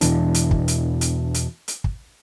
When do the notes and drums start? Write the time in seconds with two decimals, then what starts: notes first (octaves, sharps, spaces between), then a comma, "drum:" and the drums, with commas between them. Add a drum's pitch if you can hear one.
0.01 E2 B2 E3 D4, drum: hi-hat
0.34 drum: hi-hat
0.51 drum: kick
0.68 drum: hi-hat
1.01 drum: hi-hat
1.34 drum: hi-hat
1.68 drum: hi-hat
1.84 drum: kick